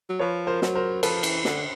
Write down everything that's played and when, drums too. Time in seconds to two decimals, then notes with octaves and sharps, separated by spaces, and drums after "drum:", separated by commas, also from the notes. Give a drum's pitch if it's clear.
0.09 F#3
0.19 F3 B4 C#5
0.47 A#4 C5
0.62 F#3, drum: snare
0.75 A#4 C5
1.03 F3 A4 B4, drum: cymbal
1.23 E3, drum: cymbal
1.45 D3, drum: snare